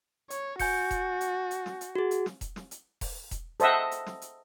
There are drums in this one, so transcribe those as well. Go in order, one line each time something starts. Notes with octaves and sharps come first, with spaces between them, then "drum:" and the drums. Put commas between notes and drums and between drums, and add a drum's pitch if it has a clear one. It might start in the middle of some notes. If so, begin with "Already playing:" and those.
C#5, drum: hi-hat
F#4 G#5 G6 C#7, drum: kick E1, open hi-hat
drum: kick E1, hi-hat
drum: hi-hat
drum: hi-hat
drum: snare
drum: hi-hat
F#4 G#4
drum: hi-hat
drum: snare
drum: kick E1, hi-hat
drum: snare
drum: hi-hat
drum: kick E1, open hi-hat
drum: kick E1, hi-hat
A4 C5 D#5 E5 F#5, drum: hi-hat
drum: hi-hat
drum: snare
drum: hi-hat